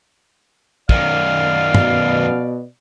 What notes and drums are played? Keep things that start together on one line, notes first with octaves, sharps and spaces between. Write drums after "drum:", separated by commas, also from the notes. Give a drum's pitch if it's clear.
F#2 D#3 D5 F5, drum: kick
B2, drum: tom